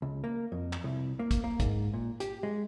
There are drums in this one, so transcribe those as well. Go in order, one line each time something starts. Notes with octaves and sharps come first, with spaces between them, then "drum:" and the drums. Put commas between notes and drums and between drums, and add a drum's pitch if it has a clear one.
C#2
A#3
F2
drum: clap
C2
A#3
drum: kick, hi-hat
A#3
G#2, drum: kick, hi-hat
A#2
G4, drum: hi-hat
G#3